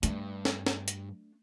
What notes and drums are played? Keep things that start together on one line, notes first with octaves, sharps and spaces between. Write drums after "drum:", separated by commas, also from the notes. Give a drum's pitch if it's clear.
G2 A3 D4, drum: hi-hat
drum: snare
drum: snare
drum: hi-hat